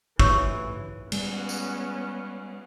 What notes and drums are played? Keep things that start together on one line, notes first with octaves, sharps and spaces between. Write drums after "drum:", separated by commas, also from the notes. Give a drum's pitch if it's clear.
A1 E3 C#5 C#6 E6, drum: kick
G3 G#3 B3 C#4, drum: cymbal
drum: tambourine